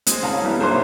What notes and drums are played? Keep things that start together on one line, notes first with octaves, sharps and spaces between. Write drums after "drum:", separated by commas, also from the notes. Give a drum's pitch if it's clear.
G#3 C4, drum: hi-hat
C2 C#4 G#4 F5 A5 A#5
E3 F#3 G3 B3 E4
B1 F#3 A#3 D4 C5